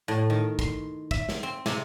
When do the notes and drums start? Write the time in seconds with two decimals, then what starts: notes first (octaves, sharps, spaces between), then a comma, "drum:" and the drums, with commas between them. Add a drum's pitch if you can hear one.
0.08 A2
0.30 D#3
0.59 C6, drum: kick
1.11 E5, drum: kick
1.29 drum: snare
1.43 C4
1.66 C3, drum: snare